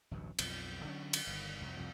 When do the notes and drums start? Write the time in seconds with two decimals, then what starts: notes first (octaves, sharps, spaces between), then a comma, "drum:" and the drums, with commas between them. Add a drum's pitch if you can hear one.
0.11 A1 D2 G2 F#3
0.39 B1 F2 F3, drum: cymbal
0.85 D3 F#3 G3 C#4
1.13 drum: cymbal
1.27 G1 D#3
1.61 C2 F2
1.77 C2 F2 C3 F3